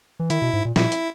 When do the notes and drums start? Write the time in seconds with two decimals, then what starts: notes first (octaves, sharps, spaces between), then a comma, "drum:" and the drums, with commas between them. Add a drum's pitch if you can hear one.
0.19 E3
0.30 D#3 E4, drum: hi-hat
0.42 B2
0.53 G#2
0.65 A#2
0.76 A#2 E4, drum: snare
0.92 drum: hi-hat